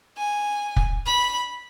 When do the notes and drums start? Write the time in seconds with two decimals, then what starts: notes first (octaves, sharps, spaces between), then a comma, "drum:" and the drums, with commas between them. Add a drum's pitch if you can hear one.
0.17 G#5
0.76 drum: kick
1.06 B5